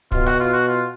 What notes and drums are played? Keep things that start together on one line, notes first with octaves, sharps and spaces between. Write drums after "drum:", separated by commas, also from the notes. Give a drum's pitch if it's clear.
B2 F4, drum: kick
F#4, drum: rim click
F4
F#4
F4